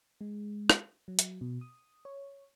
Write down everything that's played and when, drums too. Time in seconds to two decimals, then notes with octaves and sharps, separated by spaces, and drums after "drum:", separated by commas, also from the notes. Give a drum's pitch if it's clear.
0.21 G#3
0.70 drum: rim click
1.08 F#3
1.19 drum: hi-hat
1.41 B2
1.61 D#6
2.05 C#5